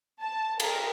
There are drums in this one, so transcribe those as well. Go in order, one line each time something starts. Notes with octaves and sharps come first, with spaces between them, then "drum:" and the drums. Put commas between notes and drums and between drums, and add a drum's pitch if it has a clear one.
A5
A#4, drum: cymbal